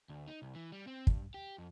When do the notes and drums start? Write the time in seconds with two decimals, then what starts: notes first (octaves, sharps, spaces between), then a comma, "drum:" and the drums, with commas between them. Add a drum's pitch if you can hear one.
0.09 D2
0.28 D#4
0.42 C2
0.55 E3
0.72 G3
0.87 C4
1.07 G2, drum: kick
1.34 G4
1.58 F2